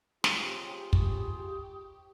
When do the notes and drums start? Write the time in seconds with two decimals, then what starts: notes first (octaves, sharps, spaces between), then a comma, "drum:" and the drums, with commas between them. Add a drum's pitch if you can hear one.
0.24 C3 C4 D#4 F4 G4 G#4 C#5, drum: snare
0.93 B5 C#6 D#6, drum: kick